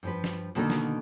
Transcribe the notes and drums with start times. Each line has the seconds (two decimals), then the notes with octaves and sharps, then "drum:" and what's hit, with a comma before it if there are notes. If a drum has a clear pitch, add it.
0.03 G2 F3 B4
0.24 drum: snare
0.55 B2 D3 D#3 A#3 A4
0.70 drum: snare